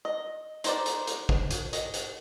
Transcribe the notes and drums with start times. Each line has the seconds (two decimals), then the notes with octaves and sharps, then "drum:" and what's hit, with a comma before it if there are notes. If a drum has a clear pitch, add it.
0.05 D#5
0.64 D#4 C5 D5, drum: hi-hat
0.86 drum: hi-hat
1.07 drum: hi-hat
1.29 drum: kick
1.51 drum: hi-hat
1.73 D#5, drum: hi-hat
1.94 drum: hi-hat